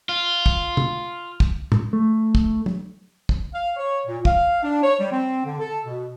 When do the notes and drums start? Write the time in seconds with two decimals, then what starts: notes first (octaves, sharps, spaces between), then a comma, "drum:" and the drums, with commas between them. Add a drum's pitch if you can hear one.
0.09 F4
0.46 drum: kick
0.77 drum: tom
1.40 drum: kick
1.72 drum: tom A2
1.93 A3
2.35 drum: kick
2.66 drum: tom
3.29 drum: kick
3.54 F5
3.76 C#5
4.06 A#2
4.25 F5, drum: kick
4.63 D4
4.82 C#5
4.99 G3
5.11 C4
5.44 D3
5.59 A4
5.85 B2